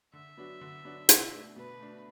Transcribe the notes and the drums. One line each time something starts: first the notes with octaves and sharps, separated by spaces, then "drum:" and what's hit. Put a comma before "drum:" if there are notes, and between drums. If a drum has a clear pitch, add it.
D3 E5
F#3 B3 D4 F#4
D3
F#3 B3 D4 F#4
B2, drum: hi-hat
A3 D4
B2 B4
A3 D4